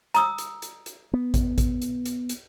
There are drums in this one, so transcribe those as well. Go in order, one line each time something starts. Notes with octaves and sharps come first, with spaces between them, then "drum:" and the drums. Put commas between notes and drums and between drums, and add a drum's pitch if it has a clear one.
A#5 D#6 E6, drum: hi-hat
drum: hi-hat
drum: hi-hat
drum: hi-hat
B3
drum: kick A1, hi-hat
drum: kick A1, hi-hat
drum: hi-hat
drum: hi-hat
drum: hi-hat